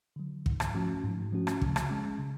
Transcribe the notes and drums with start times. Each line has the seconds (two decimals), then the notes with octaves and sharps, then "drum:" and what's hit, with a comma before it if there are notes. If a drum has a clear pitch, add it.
0.16 D3 F#3
0.46 G#2, drum: kick
0.60 drum: rim click
0.75 F3 A3 C#4 F#4
1.04 G#2
1.33 F3 A3 C#4 F#4
1.47 drum: rim click
1.62 C#3, drum: kick
1.76 drum: rim click
1.90 G#3 C#4
2.19 C#3